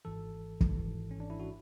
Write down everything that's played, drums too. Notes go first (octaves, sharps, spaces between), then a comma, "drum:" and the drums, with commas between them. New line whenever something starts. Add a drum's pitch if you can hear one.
G#1 G#2 E3 A4
drum: kick
G#1 G#2 E3
C#4
D4
E4
F#4